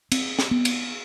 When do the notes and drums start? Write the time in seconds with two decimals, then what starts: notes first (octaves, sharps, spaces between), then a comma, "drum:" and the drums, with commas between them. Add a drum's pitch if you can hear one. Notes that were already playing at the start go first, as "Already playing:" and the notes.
0.12 C4, drum: cymbal
0.39 drum: snare
0.51 B3
0.65 drum: cymbal